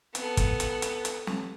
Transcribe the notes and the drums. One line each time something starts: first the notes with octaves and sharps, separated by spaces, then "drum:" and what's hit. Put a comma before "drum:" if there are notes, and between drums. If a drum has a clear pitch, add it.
B3 A4, drum: hi-hat
drum: kick, hi-hat
drum: hi-hat
drum: hi-hat
drum: hi-hat
drum: snare